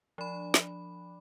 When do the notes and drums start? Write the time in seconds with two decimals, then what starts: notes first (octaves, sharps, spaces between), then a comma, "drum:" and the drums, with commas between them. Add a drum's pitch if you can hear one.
0.18 F3 D4 B5
0.54 drum: snare